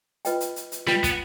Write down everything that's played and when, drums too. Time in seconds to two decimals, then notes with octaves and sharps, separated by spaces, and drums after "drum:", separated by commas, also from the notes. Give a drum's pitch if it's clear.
0.25 F4 B4 D#5 G5, drum: hi-hat
0.40 drum: hi-hat
0.56 drum: hi-hat
0.72 drum: hi-hat
0.87 G3 F4 B4 D#5 G5, drum: snare
1.03 B3, drum: kick, hi-hat